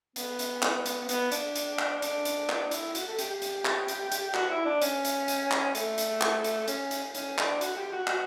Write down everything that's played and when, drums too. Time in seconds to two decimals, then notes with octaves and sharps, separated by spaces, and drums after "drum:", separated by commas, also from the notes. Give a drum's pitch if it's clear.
0.16 B3, drum: hi-hat
0.39 drum: hi-hat
0.62 drum: clap
0.86 drum: hi-hat
1.09 B3, drum: hi-hat
1.32 D4, drum: hi-hat
1.55 drum: hi-hat
1.79 drum: clap
2.02 D4, drum: hi-hat
2.25 drum: hi-hat
2.49 D4, drum: clap
2.71 E4, drum: hi-hat
2.95 F#4, drum: hi-hat
3.07 A4
3.19 G4, drum: hi-hat
3.30 G4
3.42 drum: hi-hat
3.65 drum: clap
3.88 drum: hi-hat
4.12 drum: hi-hat
4.34 F#4, drum: clap
4.50 E4
4.66 D4
4.82 C#4, drum: hi-hat
5.05 drum: hi-hat
5.28 drum: hi-hat
5.51 drum: clap
5.75 A3, drum: hi-hat
5.98 drum: hi-hat
6.21 drum: clap
6.44 drum: hi-hat
6.68 C#4, drum: hi-hat
6.91 drum: hi-hat
7.15 C#4, drum: hi-hat
7.38 D4, drum: clap
7.61 F#4, drum: hi-hat
7.77 G4
7.92 F#4
8.07 F#4, drum: clap